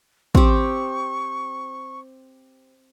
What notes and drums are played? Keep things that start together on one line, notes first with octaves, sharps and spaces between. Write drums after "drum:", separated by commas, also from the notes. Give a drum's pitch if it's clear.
C4 G4 C#6, drum: kick